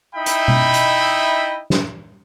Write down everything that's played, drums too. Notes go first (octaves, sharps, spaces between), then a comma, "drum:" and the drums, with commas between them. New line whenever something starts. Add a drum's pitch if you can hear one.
D#4 E4 D#5 E5 G5 B5
drum: hi-hat
drum: tom B2
drum: hi-hat
drum: snare